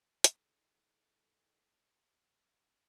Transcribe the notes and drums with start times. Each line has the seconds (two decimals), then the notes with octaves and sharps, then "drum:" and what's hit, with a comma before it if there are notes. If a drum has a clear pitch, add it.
0.24 G2 D#3 E4 G#4 A4, drum: hi-hat